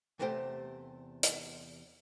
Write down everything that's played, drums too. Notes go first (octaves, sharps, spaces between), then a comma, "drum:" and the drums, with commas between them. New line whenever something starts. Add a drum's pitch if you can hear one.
E2 C3 A3 G4 C5 G5
drum: hi-hat